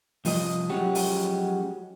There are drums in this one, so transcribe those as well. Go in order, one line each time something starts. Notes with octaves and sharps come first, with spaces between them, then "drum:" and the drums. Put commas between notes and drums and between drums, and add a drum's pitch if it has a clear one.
C2 F3 D#5, drum: open hi-hat
F3 F#3 G#3 C#4 F#4 G4
drum: open hi-hat